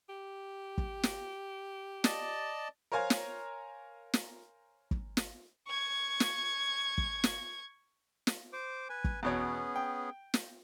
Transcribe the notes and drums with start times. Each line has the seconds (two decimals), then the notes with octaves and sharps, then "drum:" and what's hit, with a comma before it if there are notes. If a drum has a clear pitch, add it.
0.09 G4
0.78 drum: kick
1.03 drum: snare
2.04 D5 D#5 A5, drum: snare
2.92 A#4 C5 C#5 F5 G#5 A#5
3.10 drum: snare
4.14 drum: snare
4.91 drum: kick
5.17 drum: snare
5.68 C#6 G#6
6.20 drum: snare
6.98 drum: kick
7.24 drum: snare
8.27 drum: snare
8.53 C5 D6
8.89 B4 G#5
9.04 drum: kick
9.23 E2 B2 B3 C#4 G#4 C#5
9.76 G5
10.34 drum: snare